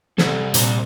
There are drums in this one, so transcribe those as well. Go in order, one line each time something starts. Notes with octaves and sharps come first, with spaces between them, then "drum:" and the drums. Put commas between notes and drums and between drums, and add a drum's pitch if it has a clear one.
C2 A4, drum: snare
A#2 C5 A#5, drum: hi-hat